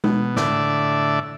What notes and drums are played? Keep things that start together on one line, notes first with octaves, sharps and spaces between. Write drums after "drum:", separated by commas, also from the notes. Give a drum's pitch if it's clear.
B2, drum: tom G#3
A2 D3 D5 E5, drum: snare